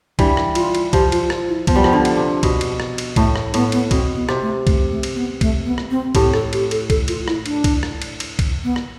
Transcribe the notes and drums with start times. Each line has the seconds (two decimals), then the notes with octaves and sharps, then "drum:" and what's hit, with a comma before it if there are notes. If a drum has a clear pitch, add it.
0.19 E3 G3 D4, drum: kick C2, cymbal
0.37 drum: rim click
0.55 F4, drum: cymbal
0.75 drum: cymbal
0.93 F3 G4, drum: kick C2, cymbal
1.12 F4, drum: cymbal
1.30 F4, drum: rim click
1.49 E4
1.67 F3 B3, drum: kick C2, cymbal
1.76 G3
1.84 F3, drum: rim click
1.93 D3
2.05 drum: cymbal
2.17 C3
2.43 B2, drum: kick C2, cymbal
2.61 drum: cymbal
2.80 drum: rim click
2.98 drum: cymbal
3.16 A2 A3, drum: kick C2, cymbal
3.36 drum: rim click
3.54 A2 B3, drum: cymbal
3.72 B3, drum: cymbal
3.91 B2 C4, drum: kick C2, cymbal
4.16 B3
4.29 C3, drum: rim click
4.42 A3
4.67 A3, drum: kick C2, cymbal
4.91 A3
5.03 drum: cymbal
5.15 B3
5.41 A3, drum: kick C2, cymbal
5.65 B3
5.78 drum: rim click
5.91 C4
6.15 A2 G4, drum: kick C2, cymbal
6.34 A4, drum: rim click
6.53 G4, drum: cymbal
6.71 A4, drum: cymbal
6.90 A4, drum: kick C2, cymbal
7.08 F4, drum: cymbal
7.28 E4, drum: rim click
7.46 D4, drum: cymbal
7.64 drum: kick C2, cymbal
7.83 drum: rim click
8.02 drum: cymbal
8.20 drum: cymbal
8.39 drum: kick C2, cymbal
8.64 B3
8.76 drum: rim click